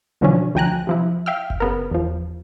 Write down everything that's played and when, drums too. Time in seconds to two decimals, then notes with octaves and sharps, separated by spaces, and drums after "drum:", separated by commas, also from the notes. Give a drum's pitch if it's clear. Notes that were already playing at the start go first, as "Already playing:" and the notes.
0.21 B2 D3 F3 F#3 C#4 D4
0.55 D2 F3 G5 G#5 A#5 F#6
0.87 C3 F3 E4
1.26 E5 F5 G5 E6 F6
1.50 drum: kick F#1
1.60 C#3 B3 A#4
1.91 E2 F3